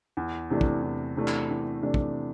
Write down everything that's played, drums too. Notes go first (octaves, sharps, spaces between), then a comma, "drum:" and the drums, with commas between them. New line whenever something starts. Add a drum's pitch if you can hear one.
E2
C3 E3 A3 D4
drum: kick
E2
C3 E3 A3 D4
drum: clap
E2
C3 E3 A3 D4
drum: kick